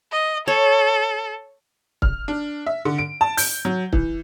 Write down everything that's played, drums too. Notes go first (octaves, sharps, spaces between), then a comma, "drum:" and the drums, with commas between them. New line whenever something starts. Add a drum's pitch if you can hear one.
D#5
A4 C#5
F6, drum: kick
D4
E5
D3
D7
A5
G6, drum: open hi-hat
F#3
E3, drum: kick